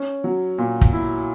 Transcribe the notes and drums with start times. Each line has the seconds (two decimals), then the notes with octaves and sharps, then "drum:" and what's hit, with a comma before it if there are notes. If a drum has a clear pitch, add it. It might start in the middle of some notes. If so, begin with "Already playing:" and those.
Already playing: C#4
0.24 F#3
0.58 A#2
0.81 drum: kick
0.93 E4